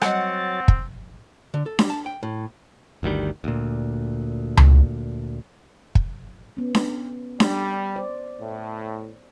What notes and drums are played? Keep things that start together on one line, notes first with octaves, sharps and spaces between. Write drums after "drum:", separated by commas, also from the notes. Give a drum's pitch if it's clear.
F#3 G3 C4 C#5 D#5 F#5 A6, drum: rim click
drum: kick
D3
A4
G3, drum: snare D4
A5
G5
A2
G1 D2 D#3 G3
D2 A#2
drum: tom C#2
drum: kick
B3 C#4
drum: snare D4
G3, drum: snare D4
C5 D5
A2